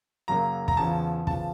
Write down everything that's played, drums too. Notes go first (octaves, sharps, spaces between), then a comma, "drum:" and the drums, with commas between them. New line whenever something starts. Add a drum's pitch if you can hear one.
F#2 C#3 F#3 A#3 A#5
A#5, drum: kick
E2 C#3 F3 A5
E2 C#3 F3 A5, drum: kick